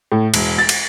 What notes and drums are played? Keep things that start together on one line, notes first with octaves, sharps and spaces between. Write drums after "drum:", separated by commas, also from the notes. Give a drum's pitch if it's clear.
A2
E1, drum: cymbal
A6
drum: cymbal